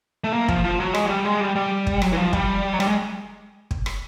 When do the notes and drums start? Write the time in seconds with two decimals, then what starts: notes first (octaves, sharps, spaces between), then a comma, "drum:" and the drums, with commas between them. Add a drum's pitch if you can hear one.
0.24 A3
0.33 A#3
0.48 F3, drum: kick
0.64 F3
0.80 F#3
0.95 G#3, drum: rim click
1.06 F#3
1.09 G3
1.25 G#3
1.41 G3
1.56 G3
1.87 drum: kick
2.02 F#3, drum: rim click
2.13 E3
2.17 F3
2.33 G3, drum: kick
2.73 F#3
2.80 G3, drum: rim click
2.87 G#3
3.71 drum: kick
3.86 drum: rim click